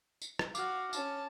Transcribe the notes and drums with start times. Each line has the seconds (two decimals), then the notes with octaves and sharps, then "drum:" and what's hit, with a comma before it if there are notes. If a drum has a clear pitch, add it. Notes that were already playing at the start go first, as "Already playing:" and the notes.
0.22 drum: tambourine
0.39 drum: rim click
0.55 F#4 F5 D6 F6, drum: tambourine
0.93 C#4 A5, drum: tambourine